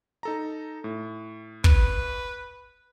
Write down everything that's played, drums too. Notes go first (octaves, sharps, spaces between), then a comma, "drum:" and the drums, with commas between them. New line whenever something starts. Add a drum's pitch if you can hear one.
D#4 A4 A#5
A2
B4, drum: kick